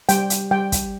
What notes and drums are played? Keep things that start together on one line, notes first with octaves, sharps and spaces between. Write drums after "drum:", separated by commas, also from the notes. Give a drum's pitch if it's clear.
G3 G5, drum: hi-hat
drum: hi-hat
G3 G5
drum: kick, hi-hat